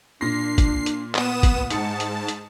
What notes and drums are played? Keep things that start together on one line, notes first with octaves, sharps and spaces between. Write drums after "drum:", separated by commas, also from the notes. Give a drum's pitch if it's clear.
A#2 D4 A#6 C7
drum: kick, hi-hat
drum: hi-hat
B3 F#5 D#6 E7, drum: clap
drum: kick, hi-hat
G#2 A5 D#6 C#7, drum: hi-hat
drum: hi-hat
drum: hi-hat